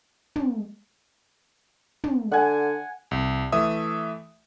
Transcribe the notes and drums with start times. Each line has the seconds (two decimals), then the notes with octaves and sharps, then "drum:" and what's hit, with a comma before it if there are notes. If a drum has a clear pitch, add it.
0.36 drum: tom
2.04 drum: tom
2.32 D3 F#5 G#5
3.11 C2
3.52 E3 A3 E5 D#6